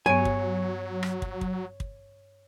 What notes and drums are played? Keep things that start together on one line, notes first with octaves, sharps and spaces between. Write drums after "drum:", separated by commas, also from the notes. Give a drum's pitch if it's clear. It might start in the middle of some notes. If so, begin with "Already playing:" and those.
G2 F#3 B3 C#5 G#5
drum: kick
drum: rim click
drum: kick
drum: kick
drum: kick